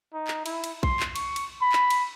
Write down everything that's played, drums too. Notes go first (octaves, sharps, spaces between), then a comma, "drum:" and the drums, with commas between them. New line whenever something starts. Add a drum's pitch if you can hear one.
D#4
drum: clap
E4, drum: cymbal
drum: cymbal
C6, drum: kick B1
drum: clap
C#6, drum: cymbal
drum: cymbal
B5
drum: clap
drum: cymbal